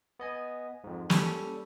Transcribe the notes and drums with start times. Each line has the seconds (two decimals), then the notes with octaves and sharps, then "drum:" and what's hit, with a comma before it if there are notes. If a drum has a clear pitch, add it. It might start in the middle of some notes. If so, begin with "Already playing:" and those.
0.20 B3 D#5 G#5
0.84 F2 G#2
1.10 G3 C#4 A4, drum: snare